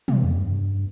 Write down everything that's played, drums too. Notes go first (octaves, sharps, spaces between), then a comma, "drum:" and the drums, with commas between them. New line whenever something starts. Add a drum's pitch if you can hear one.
C3, drum: tom
F2
G2